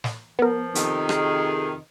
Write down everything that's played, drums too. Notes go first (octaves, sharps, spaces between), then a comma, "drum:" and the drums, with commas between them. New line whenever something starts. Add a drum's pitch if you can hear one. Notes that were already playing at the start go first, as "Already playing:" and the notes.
drum: snare
F3 B3 A#4
F2 C3 D#3, drum: hi-hat
G#4, drum: rim click